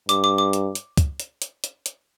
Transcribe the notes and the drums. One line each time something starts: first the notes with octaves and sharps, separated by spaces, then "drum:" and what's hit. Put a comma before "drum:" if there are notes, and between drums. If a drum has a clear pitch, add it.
G2 D6, drum: hi-hat
D6
D6
drum: hi-hat
drum: hi-hat
drum: kick, hi-hat
drum: hi-hat
drum: hi-hat
drum: hi-hat
drum: hi-hat